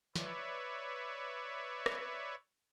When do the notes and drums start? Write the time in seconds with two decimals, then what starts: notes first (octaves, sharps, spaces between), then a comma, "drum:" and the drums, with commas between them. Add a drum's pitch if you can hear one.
0.16 B4 C#5 D5 E5, drum: snare
1.86 drum: rim click